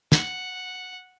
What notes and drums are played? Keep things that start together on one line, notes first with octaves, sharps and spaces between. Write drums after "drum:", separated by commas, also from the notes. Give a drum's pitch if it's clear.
F#5, drum: snare